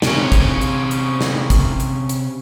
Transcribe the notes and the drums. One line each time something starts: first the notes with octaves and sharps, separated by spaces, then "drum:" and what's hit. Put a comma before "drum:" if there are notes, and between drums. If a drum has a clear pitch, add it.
C3 C#4, drum: snare
drum: kick, hi-hat
drum: hi-hat
drum: hi-hat
drum: snare
drum: kick, hi-hat
drum: hi-hat
drum: hi-hat